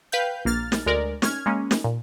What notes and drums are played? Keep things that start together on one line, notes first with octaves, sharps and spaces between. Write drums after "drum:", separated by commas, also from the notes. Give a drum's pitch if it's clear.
B4 F5 G5 G6
A#1 A#3 F6 A6
drum: snare
D2 G#3 A#4 D5
C#4 F6 G#6, drum: snare
G#3 A#3 C#4
drum: snare
A#2